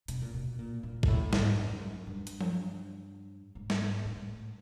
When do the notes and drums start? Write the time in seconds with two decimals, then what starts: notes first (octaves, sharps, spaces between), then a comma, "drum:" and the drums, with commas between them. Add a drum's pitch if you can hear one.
0.08 B2, drum: hi-hat
0.22 A#2
0.34 B2
0.59 A#2
0.83 A#2
1.03 G#2, drum: kick
1.08 A2
1.33 G#2, drum: snare
1.58 F#2
2.07 G2
2.27 drum: hi-hat
2.41 drum: tom F3
3.55 G#2
3.70 drum: snare
4.05 A2